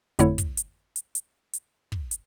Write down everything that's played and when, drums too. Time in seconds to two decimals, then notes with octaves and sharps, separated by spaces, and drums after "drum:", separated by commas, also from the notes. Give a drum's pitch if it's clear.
0.19 G1 F2 D3 A3 E4 C#5, drum: hi-hat
0.38 drum: kick, hi-hat
0.57 drum: hi-hat
0.96 drum: hi-hat
1.15 drum: hi-hat
1.53 drum: hi-hat
1.92 drum: kick
2.11 drum: hi-hat